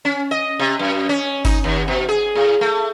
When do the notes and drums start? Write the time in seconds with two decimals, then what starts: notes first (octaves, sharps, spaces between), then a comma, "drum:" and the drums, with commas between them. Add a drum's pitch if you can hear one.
0.05 C#4
0.31 D#5
0.59 C3
0.79 F#2
1.09 C#4
1.45 D#4, drum: kick G1, open hi-hat
1.64 D#2
1.88 B2
2.09 G#4
2.35 A2
2.61 A3